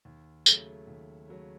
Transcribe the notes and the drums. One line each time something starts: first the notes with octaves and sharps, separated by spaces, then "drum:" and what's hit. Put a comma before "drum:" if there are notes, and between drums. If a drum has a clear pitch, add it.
D#2
C#3 F#3 A3, drum: tambourine
D#2
C#3 F#3 A3